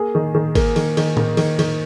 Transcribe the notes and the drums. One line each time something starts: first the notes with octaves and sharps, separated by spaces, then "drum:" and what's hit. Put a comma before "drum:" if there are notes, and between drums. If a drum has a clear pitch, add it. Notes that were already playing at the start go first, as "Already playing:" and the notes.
Already playing: A#3 G#4
D#3
D#3
A#3, drum: kick G#1, cymbal
D#3, drum: cymbal
D#3, drum: cymbal
A#3, drum: tom A2
D#3, drum: cymbal
D#3, drum: cymbal